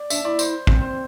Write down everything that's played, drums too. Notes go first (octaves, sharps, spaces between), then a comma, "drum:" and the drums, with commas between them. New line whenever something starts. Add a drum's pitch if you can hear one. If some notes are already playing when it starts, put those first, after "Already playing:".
Already playing: D5
D4 E5, drum: tambourine
E4 D5
C5, drum: tambourine
C4 C5, drum: kick
C5